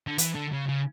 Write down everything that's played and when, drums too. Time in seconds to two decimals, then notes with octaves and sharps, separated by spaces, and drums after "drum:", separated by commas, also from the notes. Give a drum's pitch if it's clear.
0.07 D3
0.18 E3, drum: hi-hat
0.35 D3
0.52 C#3
0.68 C#3